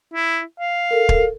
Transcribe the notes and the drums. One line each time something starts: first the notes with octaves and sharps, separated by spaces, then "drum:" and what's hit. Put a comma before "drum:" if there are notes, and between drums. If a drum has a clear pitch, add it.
E4
F5
A4 A#4
drum: kick